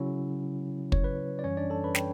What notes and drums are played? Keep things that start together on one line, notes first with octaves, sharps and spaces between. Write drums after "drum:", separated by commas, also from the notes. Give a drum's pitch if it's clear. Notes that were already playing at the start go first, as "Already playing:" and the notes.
Already playing: C#3 F#3 C#4 E4
C#5, drum: kick
B4
D5
F#2 E3 G3 C#4 C#5
D4 D5
A4 A5
B4 B5
G5, drum: snare